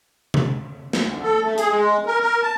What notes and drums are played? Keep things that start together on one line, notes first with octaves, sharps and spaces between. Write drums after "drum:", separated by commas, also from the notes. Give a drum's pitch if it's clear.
drum: tom C3
drum: snare
D2
A4
A3
G#4, drum: hi-hat
G#3
A#4
A#4
A5